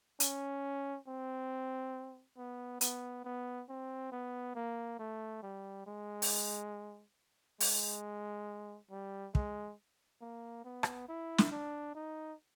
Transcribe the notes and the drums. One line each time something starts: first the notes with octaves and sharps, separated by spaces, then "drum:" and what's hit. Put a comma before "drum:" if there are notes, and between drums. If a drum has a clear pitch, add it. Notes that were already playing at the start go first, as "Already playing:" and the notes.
C#4, drum: hi-hat
C4
B3
B3, drum: hi-hat
B3
C4
B3
A#3
A3
G3
G#3
drum: open hi-hat
G#3, drum: open hi-hat
G3
G#3, drum: kick
A#3
B3
drum: rim click
E4
drum: snare
D4
D#4